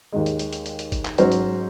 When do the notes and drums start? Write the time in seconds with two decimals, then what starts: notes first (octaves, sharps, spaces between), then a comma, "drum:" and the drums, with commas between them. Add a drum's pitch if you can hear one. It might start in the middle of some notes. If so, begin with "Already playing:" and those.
0.12 D#2 D#3 G#3
0.26 drum: hi-hat
0.39 drum: hi-hat
0.53 drum: hi-hat
0.66 drum: hi-hat
0.79 drum: hi-hat
0.92 drum: kick G1, hi-hat
1.05 drum: clap
1.18 G#2 F#3 C#4 F#4 C5, drum: hi-hat
1.32 drum: hi-hat